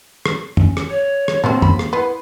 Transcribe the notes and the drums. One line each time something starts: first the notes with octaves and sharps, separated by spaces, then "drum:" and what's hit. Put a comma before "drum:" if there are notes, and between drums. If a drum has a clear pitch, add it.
drum: rim click
C#4, drum: tom
drum: rim click
C#5
drum: rim click
C3 F3 F#3 A#3 C4
B5, drum: tom
drum: rim click
B3 E4 C6